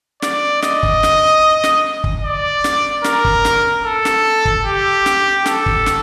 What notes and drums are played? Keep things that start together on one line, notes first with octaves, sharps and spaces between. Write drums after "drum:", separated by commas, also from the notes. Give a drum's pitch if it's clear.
D5, drum: snare
D#5, drum: snare
drum: kick
drum: snare
drum: snare
drum: kick
D5
drum: snare
A#4, drum: snare
drum: kick
drum: snare
A4
drum: snare
drum: kick
G4
drum: snare
A4, drum: snare
drum: kick
drum: snare